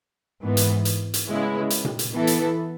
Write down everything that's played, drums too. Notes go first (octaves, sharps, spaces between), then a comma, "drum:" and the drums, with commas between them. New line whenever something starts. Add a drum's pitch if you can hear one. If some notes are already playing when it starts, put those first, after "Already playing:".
G#2 E3 B3
drum: hi-hat
drum: hi-hat
drum: hi-hat
C#3 G#3 B3 E4
drum: hi-hat
drum: tom A#2
drum: hi-hat
E3 B3 E4 A4
drum: hi-hat